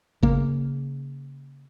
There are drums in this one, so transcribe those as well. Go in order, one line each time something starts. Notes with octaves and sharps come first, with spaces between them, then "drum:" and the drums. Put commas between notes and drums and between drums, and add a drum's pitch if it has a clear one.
C#3 A#3, drum: kick G#1